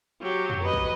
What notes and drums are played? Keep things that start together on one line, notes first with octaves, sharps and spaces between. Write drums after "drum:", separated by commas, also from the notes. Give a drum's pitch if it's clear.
F#3 G4
drum: tom F2
B4 D#5
drum: kick